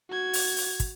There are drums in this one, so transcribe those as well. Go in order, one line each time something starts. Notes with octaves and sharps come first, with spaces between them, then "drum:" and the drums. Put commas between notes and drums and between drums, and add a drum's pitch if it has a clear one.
F#4 G#6
drum: open hi-hat
drum: open hi-hat
drum: kick, hi-hat